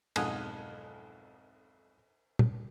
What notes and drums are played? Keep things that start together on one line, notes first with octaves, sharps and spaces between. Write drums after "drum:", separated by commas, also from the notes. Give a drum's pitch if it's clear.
B1 F2 G#2 F#5 G#5 D#6, drum: cymbal
drum: tom